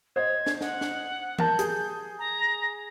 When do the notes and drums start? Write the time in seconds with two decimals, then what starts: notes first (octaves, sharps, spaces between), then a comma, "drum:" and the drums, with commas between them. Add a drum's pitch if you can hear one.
0.16 C5 D#5 G#6
0.46 drum: snare
0.61 F#5, drum: snare
0.81 drum: snare
1.39 A#4 A5 G6, drum: tom
1.59 G#4, drum: hi-hat
2.19 A#5